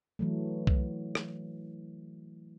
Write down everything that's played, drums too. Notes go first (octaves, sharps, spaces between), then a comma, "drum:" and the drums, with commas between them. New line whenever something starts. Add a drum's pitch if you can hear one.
E3 F#3 A3
drum: kick C2
drum: rim click